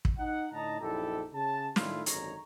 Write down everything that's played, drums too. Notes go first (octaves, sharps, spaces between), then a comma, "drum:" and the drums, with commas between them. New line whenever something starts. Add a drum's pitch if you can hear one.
drum: kick
D#4 F#5
A2 D3 D#4 D#5 A5 A#5
A#1 F#2 D#4 E4 G4 A4
C#3 A5
A2 D#3 A3 D4 E4 F4, drum: snare
G#1 F#2 D3 D#4 C#5 A#5, drum: hi-hat